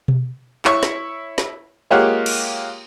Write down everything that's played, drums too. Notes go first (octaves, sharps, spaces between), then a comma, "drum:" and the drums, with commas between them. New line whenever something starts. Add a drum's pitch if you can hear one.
drum: tom B2
E4 C#5 C#6, drum: clap
drum: snare
drum: snare
G#3 A#3 F4 G4 C#5 F#5
drum: cymbal